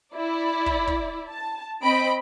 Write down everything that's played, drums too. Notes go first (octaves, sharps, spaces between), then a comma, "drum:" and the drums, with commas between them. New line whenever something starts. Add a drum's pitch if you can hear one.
E4 D5
drum: kick
drum: kick
A5
C4 D#5 B5 D7